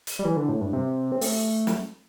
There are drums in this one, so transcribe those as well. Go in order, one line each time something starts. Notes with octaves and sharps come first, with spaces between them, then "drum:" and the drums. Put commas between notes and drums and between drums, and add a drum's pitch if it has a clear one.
drum: hi-hat
G3
E3
D3
A2
G2
C3
C4
A3, drum: open hi-hat
drum: snare